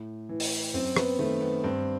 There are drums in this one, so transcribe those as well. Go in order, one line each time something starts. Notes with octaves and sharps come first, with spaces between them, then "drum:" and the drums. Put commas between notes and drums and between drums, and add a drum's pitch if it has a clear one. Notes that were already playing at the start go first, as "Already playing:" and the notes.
Already playing: A2
E3
drum: open hi-hat
F#2 C4
B3, drum: rim click
D#3 A3
B3
G2 C4